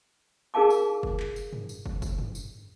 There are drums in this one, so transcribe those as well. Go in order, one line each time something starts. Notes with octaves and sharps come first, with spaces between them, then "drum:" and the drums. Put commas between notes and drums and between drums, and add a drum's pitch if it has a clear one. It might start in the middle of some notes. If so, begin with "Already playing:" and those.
D#4 G#4 A#4 F5 A5 D6
drum: tambourine
drum: kick
drum: clap
drum: tambourine
drum: tom
drum: tambourine
drum: kick
drum: kick, tambourine
drum: tom
drum: tambourine